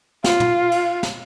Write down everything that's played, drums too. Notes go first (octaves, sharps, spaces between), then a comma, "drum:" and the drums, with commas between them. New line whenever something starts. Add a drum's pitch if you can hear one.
F4, drum: snare
drum: tom
drum: cymbal
drum: snare